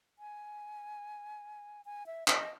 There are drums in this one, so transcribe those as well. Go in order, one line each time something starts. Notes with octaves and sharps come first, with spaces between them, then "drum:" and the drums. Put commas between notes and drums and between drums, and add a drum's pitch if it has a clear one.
G#5
G#5
E5
D#5, drum: clap